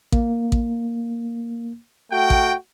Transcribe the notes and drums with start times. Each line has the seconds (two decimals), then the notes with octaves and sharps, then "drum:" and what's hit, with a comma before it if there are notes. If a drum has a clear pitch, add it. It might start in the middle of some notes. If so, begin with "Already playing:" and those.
0.12 A#3, drum: kick A1
0.52 drum: kick A1
2.12 A3 F#4 G5
2.30 drum: kick A1